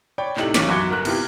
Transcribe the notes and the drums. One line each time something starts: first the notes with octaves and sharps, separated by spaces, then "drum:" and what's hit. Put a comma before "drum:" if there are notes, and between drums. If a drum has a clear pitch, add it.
C#5 D5 G5 B5
A2 C3 D#4 G4 A4 F#7, drum: clap
E1 B1 E2 C#4 D6 B6, drum: snare
F#2 F#4 D6 G#6 C#7 G7
G1 A#4 A#5 F#6
C3 B3 E4 F4 G4, drum: cymbal